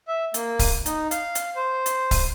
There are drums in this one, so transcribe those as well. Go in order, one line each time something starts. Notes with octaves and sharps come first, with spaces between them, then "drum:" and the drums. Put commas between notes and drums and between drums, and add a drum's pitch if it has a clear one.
E5
A#3, drum: hi-hat
drum: kick C#1, open hi-hat
D#4, drum: hi-hat
F5, drum: hi-hat
drum: hi-hat
C5
drum: hi-hat
drum: kick C#1, open hi-hat